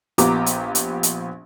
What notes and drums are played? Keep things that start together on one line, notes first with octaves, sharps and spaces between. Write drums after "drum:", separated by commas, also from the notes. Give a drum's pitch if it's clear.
A#1 B3 F4 G4 A#5 D6, drum: hi-hat
drum: hi-hat
drum: hi-hat
drum: hi-hat